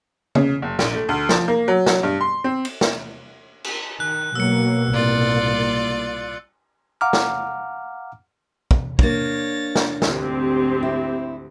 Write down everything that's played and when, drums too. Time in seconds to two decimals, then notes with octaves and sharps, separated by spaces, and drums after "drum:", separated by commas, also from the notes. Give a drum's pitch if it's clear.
0.35 C#3, drum: tom C#3
0.62 F#1
0.79 A#1, drum: snare
0.95 A3
1.09 D2
1.29 F3, drum: snare
1.48 A#3
1.68 F#3
1.86 F#3, drum: snare
2.03 G2
2.21 C6
2.44 C4
2.65 drum: cymbal
2.81 drum: snare
3.64 drum: cymbal
4.00 D#3 F#6
4.35 B2 F#3 A#3 E6 C#7
4.93 C2 A2 A#3 F4 D5
7.01 F5 F#5 A#5 D6 F6
7.13 drum: snare
8.71 drum: kick
8.99 A#3 D4 C#5 A6 A#6, drum: kick
9.76 drum: snare
10.02 D2 G#2 C4 G4, drum: snare
10.83 E4